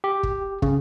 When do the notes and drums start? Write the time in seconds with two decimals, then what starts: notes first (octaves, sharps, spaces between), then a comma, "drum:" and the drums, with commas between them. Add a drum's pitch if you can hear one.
0.04 G4
0.23 drum: kick
0.62 C#3, drum: kick